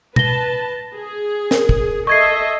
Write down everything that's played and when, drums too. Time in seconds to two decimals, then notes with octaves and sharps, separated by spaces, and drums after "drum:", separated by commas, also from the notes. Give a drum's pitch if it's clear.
0.16 B4 A5 A#6 G7, drum: tom B2
0.95 G#4
1.51 A#4, drum: snare
1.69 drum: kick
2.07 A4 D#5 E5 C#6 G#6 C7